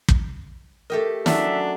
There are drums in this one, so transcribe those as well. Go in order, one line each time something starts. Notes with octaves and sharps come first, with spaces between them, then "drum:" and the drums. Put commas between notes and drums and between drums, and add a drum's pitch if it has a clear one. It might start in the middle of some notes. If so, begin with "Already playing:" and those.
drum: kick
A3 G4 A#4 D#5
F#3 C#4 D4 E5, drum: snare